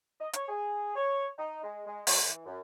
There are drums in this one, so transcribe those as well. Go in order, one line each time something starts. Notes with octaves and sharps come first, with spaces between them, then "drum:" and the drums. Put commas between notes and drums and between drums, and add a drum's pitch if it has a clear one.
D#5
C#5, drum: hi-hat
G#4
C#5
D#4
G#3
G#3
F#2, drum: open hi-hat
E3
F#2